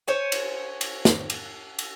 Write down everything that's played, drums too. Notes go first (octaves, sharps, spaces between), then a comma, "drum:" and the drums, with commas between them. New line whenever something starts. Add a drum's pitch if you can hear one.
C5 C#5 G#5
drum: cymbal
drum: cymbal
drum: snare
drum: cymbal
drum: cymbal